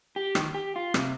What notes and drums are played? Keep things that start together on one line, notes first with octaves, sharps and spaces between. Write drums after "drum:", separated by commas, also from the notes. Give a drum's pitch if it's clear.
G4
D#3, drum: rim click
G4
F4
C3, drum: rim click